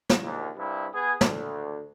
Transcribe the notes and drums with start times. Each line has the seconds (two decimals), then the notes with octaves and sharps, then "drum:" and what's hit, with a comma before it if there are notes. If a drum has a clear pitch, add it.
0.09 drum: snare
0.22 A#1 D#2
0.56 C2 G2 E4
0.92 B3 G#4
1.21 D2, drum: snare